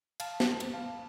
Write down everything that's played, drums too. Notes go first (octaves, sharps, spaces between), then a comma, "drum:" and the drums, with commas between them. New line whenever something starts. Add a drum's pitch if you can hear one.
F5 A5, drum: cymbal
drum: snare
drum: cymbal
F5 A5